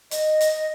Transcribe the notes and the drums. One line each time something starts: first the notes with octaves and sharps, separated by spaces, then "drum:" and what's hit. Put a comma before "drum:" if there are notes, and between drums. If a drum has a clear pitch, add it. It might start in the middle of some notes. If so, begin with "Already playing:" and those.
D#5, drum: hi-hat
drum: hi-hat